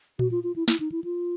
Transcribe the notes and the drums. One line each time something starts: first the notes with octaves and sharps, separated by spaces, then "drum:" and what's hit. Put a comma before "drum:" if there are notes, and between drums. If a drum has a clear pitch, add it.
F#4, drum: tom A#2
F4
F4
E4
E4, drum: snare
D#4
E4
F4